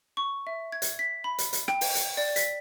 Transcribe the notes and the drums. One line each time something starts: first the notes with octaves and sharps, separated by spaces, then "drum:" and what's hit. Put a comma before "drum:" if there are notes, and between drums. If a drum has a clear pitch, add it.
C#6
E5
G#6
drum: hi-hat
B6
B5
drum: hi-hat
drum: hi-hat
G5, drum: rim click
drum: open hi-hat
drum: hi-hat
D5
B6, drum: hi-hat